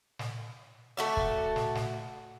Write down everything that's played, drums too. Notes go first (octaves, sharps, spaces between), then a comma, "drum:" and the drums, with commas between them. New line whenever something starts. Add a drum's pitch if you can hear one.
drum: snare
A3 F#4 D5
drum: kick
drum: snare
drum: snare